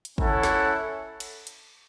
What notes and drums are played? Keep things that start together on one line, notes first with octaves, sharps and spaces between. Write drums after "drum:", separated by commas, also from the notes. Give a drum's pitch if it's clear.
drum: hi-hat
C#4 E4 A4 C#5 F#5, drum: kick
drum: snare
drum: cymbal
drum: hi-hat